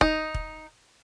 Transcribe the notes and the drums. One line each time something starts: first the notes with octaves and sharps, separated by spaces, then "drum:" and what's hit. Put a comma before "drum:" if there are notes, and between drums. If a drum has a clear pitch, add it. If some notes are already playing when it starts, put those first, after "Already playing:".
D#4, drum: kick
drum: kick